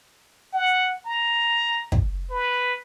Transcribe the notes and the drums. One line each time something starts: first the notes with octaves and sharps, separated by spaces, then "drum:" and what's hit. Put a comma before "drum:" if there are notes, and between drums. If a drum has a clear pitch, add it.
F#5
A#5
drum: kick
B4